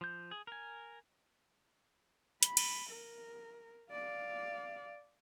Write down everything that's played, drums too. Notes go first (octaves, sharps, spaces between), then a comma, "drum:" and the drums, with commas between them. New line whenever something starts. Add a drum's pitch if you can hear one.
F3 G6
G#4
A#4 G#5
B5, drum: hi-hat
drum: cymbal
A#4
D5 F5